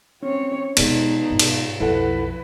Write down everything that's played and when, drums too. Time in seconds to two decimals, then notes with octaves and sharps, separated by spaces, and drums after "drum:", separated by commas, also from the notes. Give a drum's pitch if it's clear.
0.23 C4 C#4 C#5
0.77 B2 G#3 B3 D#4, drum: cymbal
1.30 G#2 B2
1.39 drum: cymbal
1.80 B1 F2 E4 A4 B4 F#5